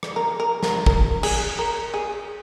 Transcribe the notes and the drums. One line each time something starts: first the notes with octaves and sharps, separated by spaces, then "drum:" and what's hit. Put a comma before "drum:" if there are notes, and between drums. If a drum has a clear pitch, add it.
drum: rim click
A#4
A#4
A#4, drum: snare
A#4, drum: kick
G#4, drum: cymbal
A#4
G#4